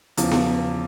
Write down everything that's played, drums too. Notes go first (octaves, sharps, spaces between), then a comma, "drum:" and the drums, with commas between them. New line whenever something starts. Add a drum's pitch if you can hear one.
E2 C#3 F3, drum: hi-hat
drum: snare B3